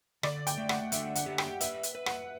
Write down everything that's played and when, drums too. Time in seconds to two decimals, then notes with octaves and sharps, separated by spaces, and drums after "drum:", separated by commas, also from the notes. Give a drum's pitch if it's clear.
0.23 D3 D5, drum: rim click
0.47 G5, drum: hi-hat
0.58 A3
0.69 F#5, drum: rim click
0.92 D3 E5, drum: hi-hat
1.15 F#5, drum: hi-hat
1.26 G4
1.38 G5, drum: rim click
1.61 B4 E5, drum: hi-hat
1.83 drum: hi-hat
1.95 B4
2.06 F#5, drum: rim click